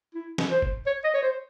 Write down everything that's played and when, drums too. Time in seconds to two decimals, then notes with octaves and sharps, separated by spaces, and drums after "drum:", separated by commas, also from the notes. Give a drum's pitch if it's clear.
0.15 E4
0.38 drum: snare
0.51 C5
0.62 drum: kick F#1
0.87 C#5
1.04 D#5
1.14 C#5
1.22 C5